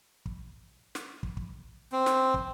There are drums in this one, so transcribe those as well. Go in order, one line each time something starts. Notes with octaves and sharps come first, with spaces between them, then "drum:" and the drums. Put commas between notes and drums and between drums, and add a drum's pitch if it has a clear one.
drum: kick
drum: snare
drum: kick
drum: kick
C4
drum: snare
drum: kick